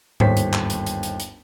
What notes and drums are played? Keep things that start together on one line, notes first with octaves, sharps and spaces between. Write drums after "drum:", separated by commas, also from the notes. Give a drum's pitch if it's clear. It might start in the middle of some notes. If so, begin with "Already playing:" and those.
G1 D#2 C5 C#5 B6, drum: tom G#2
drum: hi-hat
drum: clap
drum: hi-hat
drum: hi-hat
drum: hi-hat
drum: hi-hat